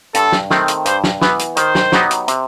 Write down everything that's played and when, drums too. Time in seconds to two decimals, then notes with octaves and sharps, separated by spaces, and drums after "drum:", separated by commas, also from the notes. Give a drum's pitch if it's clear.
0.14 G2 A4, drum: hi-hat
0.32 drum: snare
0.50 D#3 A3 C4, drum: snare
0.68 drum: hi-hat
0.86 G2 C5, drum: hi-hat
1.04 drum: snare
1.22 E3 B3 B4, drum: snare
1.39 drum: hi-hat
1.57 D#3 C5, drum: hi-hat
1.75 drum: snare
1.92 F#3 B3 D#4 G4, drum: snare
2.11 drum: hi-hat
2.28 C3, drum: hi-hat